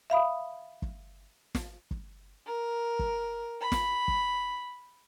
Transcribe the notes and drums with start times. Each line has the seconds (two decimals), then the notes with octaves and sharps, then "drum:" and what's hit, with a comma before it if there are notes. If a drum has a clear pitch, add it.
0.10 E5 F5 B5 D#6
0.82 drum: kick
1.55 drum: snare
1.91 drum: kick
2.46 A#4
2.99 drum: kick
3.60 B5
3.72 drum: snare
4.08 drum: kick